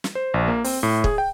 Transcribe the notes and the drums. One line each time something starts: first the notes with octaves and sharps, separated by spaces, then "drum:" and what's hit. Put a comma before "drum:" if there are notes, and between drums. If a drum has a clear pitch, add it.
drum: snare
C5
A#1
A#3
C4, drum: open hi-hat
A2
G#4, drum: kick
G5